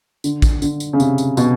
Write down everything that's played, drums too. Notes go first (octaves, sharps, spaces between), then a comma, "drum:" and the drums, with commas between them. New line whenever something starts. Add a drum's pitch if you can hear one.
D3, drum: tambourine
drum: kick, tambourine
D3, drum: tambourine
drum: tambourine
C#3
C3, drum: tambourine
drum: tambourine
B2, drum: tambourine